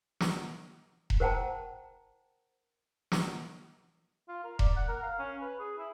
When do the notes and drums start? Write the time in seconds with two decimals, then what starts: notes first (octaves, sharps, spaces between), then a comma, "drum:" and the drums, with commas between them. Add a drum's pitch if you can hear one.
0.20 drum: snare
1.10 drum: kick E1
1.20 A#4 C5 F#5 G5 A5 A#5
3.12 drum: snare
4.28 F4
4.44 A#4
4.59 D5, drum: kick E1
4.76 F#5
4.88 A#4
5.03 F5
5.19 C#4
5.41 B4
5.59 G#4
5.78 E4